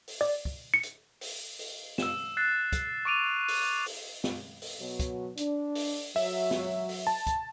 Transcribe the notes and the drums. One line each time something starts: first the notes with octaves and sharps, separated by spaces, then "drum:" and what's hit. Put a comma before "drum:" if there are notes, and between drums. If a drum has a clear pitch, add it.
drum: open hi-hat
D5
drum: kick
C#7
drum: hi-hat
drum: open hi-hat
drum: open hi-hat
E6 E7, drum: snare
E6 F#6 A6 C7
drum: kick, hi-hat
C#6 D6 D7 D#7 F7
drum: open hi-hat
drum: open hi-hat
drum: snare
drum: open hi-hat
B2 F#3
drum: kick, hi-hat
D4, drum: hi-hat
drum: open hi-hat
F#3 E5, drum: open hi-hat
drum: snare
drum: open hi-hat
A5
drum: kick, hi-hat